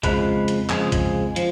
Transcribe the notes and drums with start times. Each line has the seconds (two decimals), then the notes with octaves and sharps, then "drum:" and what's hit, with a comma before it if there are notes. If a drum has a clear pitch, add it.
0.03 F2 C#3 F3 G#3 B4, drum: kick, hi-hat
0.48 drum: hi-hat
0.70 F2 C#3 F3 G#3 G#4, drum: clap
0.92 drum: kick, hi-hat
1.36 F3, drum: hi-hat